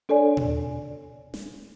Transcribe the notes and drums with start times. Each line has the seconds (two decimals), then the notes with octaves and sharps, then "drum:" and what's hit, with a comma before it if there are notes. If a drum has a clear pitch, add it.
0.09 D4 A4 C#5 D5 G#5
0.37 drum: tom A#2
1.34 drum: snare